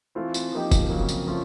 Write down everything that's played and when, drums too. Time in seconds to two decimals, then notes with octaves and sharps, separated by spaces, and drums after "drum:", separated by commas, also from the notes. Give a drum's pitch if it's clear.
0.15 E3 A3 C4 F4
0.34 drum: tambourine
0.52 F3 A#3 D#4 G4
0.71 drum: kick F1, tambourine
0.89 F2 C#3 F#3 A#3
1.09 drum: tambourine
1.27 F3 A3 C#4 F4